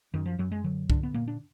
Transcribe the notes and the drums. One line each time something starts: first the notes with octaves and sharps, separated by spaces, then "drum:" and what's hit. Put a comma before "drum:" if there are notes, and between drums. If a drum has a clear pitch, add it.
F#2 D#3
F3
F#2 F#3
G#3
D3 F#3
D3 D4, drum: kick C2
B3
A#2 A#3
D4